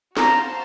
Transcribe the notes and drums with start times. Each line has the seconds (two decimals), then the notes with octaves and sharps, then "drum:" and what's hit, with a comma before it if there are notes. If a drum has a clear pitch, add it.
0.17 F#4 C5 F5 A5 A#5, drum: snare